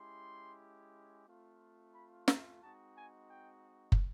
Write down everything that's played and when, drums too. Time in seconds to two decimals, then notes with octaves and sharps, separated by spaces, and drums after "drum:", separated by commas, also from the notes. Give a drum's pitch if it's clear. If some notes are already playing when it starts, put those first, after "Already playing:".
Already playing: G#3 C#4 E4 G4 C6
1.27 A3 C4 F4
1.94 B5
2.28 A#5, drum: snare
2.61 G#3 C4 D#4 F#4 A5
2.95 G#5
3.29 G5
3.92 drum: kick